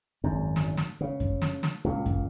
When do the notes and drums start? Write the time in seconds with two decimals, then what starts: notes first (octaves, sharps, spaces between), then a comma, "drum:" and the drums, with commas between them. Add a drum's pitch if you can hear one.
0.24 G#1 F#2
0.56 drum: snare
0.77 drum: snare
1.01 C#3
1.20 drum: kick F#2
1.42 drum: snare
1.63 drum: snare
1.84 C#2 A#2
2.06 drum: kick F#2